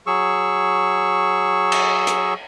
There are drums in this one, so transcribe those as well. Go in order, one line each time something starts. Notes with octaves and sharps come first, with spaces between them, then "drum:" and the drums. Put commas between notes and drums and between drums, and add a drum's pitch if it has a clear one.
F#3 G#4 C#6 E6
drum: cymbal
drum: hi-hat